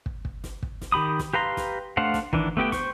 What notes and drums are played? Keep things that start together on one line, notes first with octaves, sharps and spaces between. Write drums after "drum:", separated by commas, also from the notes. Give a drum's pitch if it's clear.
drum: kick
drum: kick
drum: snare
drum: kick
drum: snare
D#3 G4 B5 D#6
drum: snare
G4 B4 F5 A#5 C6
drum: snare
A3 D4 C5 F5 F#5
drum: snare
D#3 E3 D4, drum: kick
A3 B3 G4 G5
C5 C#6, drum: snare